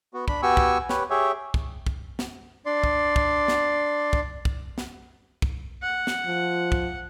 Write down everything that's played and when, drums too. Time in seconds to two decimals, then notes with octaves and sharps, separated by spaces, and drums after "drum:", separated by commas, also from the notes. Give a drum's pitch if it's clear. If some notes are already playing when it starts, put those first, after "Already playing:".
0.14 B3 F#4
0.28 D4 B5, drum: kick
0.43 B3 F#4 G4 G#5 C#6 E6
0.57 drum: kick
0.89 G4 B4 C#5, drum: snare
1.10 G4 G#4 C#5 E5
1.54 drum: kick
1.87 drum: kick
2.19 drum: snare
2.66 D4 D5 C6
2.84 drum: kick
3.16 drum: kick
3.48 drum: snare
4.13 drum: kick
4.45 drum: kick
4.78 drum: snare
5.42 drum: kick
5.82 F#5
6.07 drum: snare
6.26 F3
6.72 drum: kick